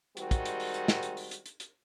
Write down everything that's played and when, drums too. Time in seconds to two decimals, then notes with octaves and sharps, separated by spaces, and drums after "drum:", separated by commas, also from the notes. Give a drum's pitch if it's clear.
0.17 D#3 G3 G#3 C4 F#4, drum: hi-hat
0.31 drum: kick, hi-hat
0.45 drum: hi-hat
0.60 drum: open hi-hat
0.74 drum: hi-hat
0.88 drum: snare
1.03 drum: hi-hat
1.17 drum: open hi-hat
1.31 drum: hi-hat
1.46 drum: hi-hat
1.60 drum: hi-hat